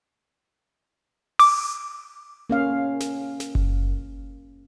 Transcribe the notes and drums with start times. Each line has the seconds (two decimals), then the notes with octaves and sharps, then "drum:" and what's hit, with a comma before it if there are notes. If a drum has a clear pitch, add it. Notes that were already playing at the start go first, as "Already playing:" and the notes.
1.39 D6, drum: open hi-hat
2.50 A#3 C#4 F5
3.00 drum: snare
3.40 drum: snare
3.55 drum: kick F#1